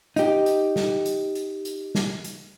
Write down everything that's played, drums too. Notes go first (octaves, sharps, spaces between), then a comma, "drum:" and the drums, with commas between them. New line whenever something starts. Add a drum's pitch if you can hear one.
D#4 G4, drum: hi-hat
drum: hi-hat
drum: snare
drum: hi-hat
drum: hi-hat
drum: hi-hat
drum: snare
drum: hi-hat